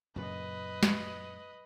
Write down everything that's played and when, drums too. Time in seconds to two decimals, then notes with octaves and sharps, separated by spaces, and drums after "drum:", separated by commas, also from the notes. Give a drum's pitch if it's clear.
0.16 F#2 A#2 C#3 B4 D#5
0.83 drum: snare